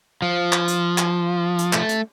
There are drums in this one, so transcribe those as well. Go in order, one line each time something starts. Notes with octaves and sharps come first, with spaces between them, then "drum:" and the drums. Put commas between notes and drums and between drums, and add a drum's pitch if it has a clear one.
F3
drum: clap
drum: hi-hat
drum: clap
drum: hi-hat
A3, drum: clap
drum: hi-hat